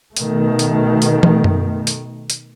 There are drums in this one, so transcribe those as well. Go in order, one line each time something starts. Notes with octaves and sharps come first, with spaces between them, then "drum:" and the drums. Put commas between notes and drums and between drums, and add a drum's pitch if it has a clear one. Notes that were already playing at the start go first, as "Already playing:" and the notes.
B2 D#3 A3, drum: hi-hat
drum: hi-hat
drum: hi-hat
drum: tom
drum: tom F#2
drum: hi-hat
drum: hi-hat